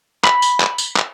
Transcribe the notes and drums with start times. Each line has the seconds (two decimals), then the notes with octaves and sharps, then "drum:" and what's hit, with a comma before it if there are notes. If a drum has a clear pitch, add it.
0.24 B5, drum: clap
0.42 drum: tambourine
0.60 drum: clap
0.78 drum: tambourine
0.96 drum: clap